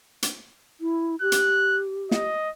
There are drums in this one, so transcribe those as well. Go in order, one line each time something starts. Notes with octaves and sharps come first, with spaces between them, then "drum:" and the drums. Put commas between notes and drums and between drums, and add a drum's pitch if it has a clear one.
drum: hi-hat
E4
G4 F#6
drum: hi-hat
D#5, drum: snare